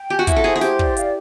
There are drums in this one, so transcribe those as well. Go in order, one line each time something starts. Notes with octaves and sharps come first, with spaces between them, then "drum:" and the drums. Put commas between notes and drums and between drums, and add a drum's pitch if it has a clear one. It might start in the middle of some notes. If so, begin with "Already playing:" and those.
Already playing: G5
G4 G#5
F#4
E4 E5, drum: kick, hi-hat
A4
G#4 C5
G#4
G4 C5, drum: snare
D5, drum: kick
F5, drum: hi-hat